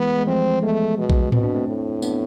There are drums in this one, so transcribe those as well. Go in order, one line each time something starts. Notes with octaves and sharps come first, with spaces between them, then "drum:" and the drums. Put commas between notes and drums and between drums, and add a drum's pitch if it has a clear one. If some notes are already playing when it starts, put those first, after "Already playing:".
Already playing: E3 G#3 B3
G#3
F3 A3 C4
G#3 A3 B3
B2
drum: kick A#1
B2 C4, drum: tom A2
D4
A3 C4
A2
B3 D4, drum: tambourine